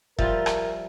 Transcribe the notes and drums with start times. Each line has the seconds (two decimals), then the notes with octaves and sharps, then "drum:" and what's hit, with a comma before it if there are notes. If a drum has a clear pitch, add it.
0.19 F3 G3 F4 A#4 E5, drum: kick F1
0.46 drum: rim click